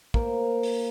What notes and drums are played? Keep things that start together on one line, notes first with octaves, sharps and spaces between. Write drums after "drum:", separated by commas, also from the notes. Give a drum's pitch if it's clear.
A#3 A#4 C5, drum: kick
drum: open hi-hat